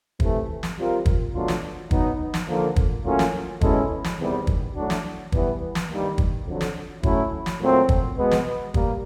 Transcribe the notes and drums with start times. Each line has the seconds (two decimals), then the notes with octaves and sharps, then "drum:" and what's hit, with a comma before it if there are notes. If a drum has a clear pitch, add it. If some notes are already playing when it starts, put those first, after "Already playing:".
0.20 C3 E3 A3, drum: kick
0.63 drum: snare
0.78 G3 C4 F4 A#4
1.06 drum: kick
1.34 B2 F#3 A3 D4 F4
1.48 drum: snare
1.91 F#3 B3 D#4, drum: kick
2.34 drum: snare
2.48 D3 F3 A#3
2.76 drum: kick
3.05 A2 F#3 A#3 C#4 F4
3.19 drum: snare
3.61 B2 G#3 C#4 E4 A4, drum: kick
4.04 drum: snare
4.19 E2 C3 D#3 G3 B3
4.47 drum: kick
4.76 A2 F#3 A3 D4 F#4
4.90 drum: snare
5.32 E3 G3 B3, drum: kick
5.75 drum: snare
5.89 G2 D#3 G3 A#3
6.18 drum: kick
6.46 F2 D3 F#3
6.61 drum: snare
7.03 F#3 A3 C#4 E4, drum: kick
7.46 drum: snare
7.60 A#2 F#3 A3 C4
7.89 drum: kick
8.17 B2 G#3 B3
8.31 drum: snare
8.74 G3 A#3, drum: kick